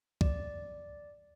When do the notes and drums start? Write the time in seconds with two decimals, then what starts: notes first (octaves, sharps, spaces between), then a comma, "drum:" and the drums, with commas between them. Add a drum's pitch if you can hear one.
0.21 D5, drum: kick